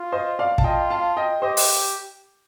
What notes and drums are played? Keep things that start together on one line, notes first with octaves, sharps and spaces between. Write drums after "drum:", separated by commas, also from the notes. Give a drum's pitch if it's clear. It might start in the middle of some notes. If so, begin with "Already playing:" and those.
Already playing: F4
C5 D#5
D5 F5
A5, drum: kick
F4 D#5 G5
F5 A5
D#5 G5
G4 C5 D#5
drum: open hi-hat